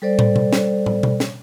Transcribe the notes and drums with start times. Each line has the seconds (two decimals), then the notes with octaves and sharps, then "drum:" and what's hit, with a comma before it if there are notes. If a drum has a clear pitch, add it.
0.02 G3 A4 C5 D5
0.19 drum: tom
0.36 drum: tom B2
0.53 drum: snare
0.86 drum: tom
1.03 drum: tom B2
1.20 drum: snare